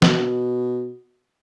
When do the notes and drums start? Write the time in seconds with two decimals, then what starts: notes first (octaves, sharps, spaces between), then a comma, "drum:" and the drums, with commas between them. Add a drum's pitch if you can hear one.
0.02 B2, drum: snare